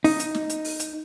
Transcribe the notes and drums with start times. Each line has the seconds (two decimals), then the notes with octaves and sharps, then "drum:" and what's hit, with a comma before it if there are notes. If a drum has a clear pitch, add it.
0.04 D#4, drum: open hi-hat
0.19 drum: hi-hat
0.34 drum: snare
0.49 drum: hi-hat
0.64 drum: open hi-hat
0.80 drum: hi-hat